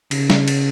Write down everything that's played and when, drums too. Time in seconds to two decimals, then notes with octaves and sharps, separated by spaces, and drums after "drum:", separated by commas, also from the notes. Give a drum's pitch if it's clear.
0.11 C#3, drum: cymbal
0.30 drum: snare G3
0.48 drum: cymbal